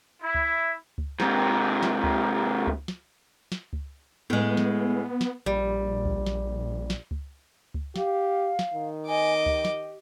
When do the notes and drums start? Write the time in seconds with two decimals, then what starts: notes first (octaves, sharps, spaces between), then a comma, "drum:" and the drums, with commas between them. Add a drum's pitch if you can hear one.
0.22 E4
0.35 drum: kick C#2
0.98 drum: kick C#2
1.20 G#2 C3, drum: snare
1.83 drum: snare
2.04 drum: kick C#2
2.67 drum: kick C#2
2.88 drum: snare
3.52 drum: snare
3.73 drum: kick C#2
4.30 A2 G#3 B3
4.57 drum: snare
5.21 drum: snare
5.46 A#1 G3
6.05 drum: kick C#2
6.26 drum: snare
6.90 drum: snare
7.11 drum: kick C#2
7.74 drum: kick C#2
7.96 G4 F5, drum: snare
8.59 drum: snare
8.74 D#3
9.07 D#5 G#5 D6
9.46 G4, drum: kick C#2
9.65 drum: snare